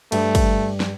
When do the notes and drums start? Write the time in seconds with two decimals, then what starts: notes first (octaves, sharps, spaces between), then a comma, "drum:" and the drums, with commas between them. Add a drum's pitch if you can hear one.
0.12 G2 G3 A3 G5, drum: cymbal
0.35 drum: kick, cymbal
0.80 drum: snare